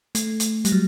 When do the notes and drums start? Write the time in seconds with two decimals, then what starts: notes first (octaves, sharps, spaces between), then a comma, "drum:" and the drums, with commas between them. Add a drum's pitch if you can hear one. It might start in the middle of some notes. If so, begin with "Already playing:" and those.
0.15 A3, drum: hi-hat
0.40 drum: hi-hat
0.65 G3, drum: hi-hat
0.72 F#3